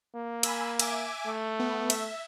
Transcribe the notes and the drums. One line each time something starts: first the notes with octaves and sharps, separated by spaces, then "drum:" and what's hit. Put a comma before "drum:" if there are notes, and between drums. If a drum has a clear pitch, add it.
A#3
G#5 B5 E6, drum: cymbal
E5 G#5 D6, drum: cymbal
A3
B3
E5, drum: cymbal